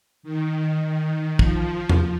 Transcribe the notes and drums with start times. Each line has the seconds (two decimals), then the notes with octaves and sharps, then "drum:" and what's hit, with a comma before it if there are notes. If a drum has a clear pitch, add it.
0.23 D#3
0.81 D#3
1.39 F3, drum: kick
1.89 drum: tom E2